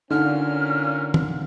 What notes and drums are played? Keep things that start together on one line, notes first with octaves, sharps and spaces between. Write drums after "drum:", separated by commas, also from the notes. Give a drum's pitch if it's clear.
A#2 D3 C#4 D#4 F6
drum: tom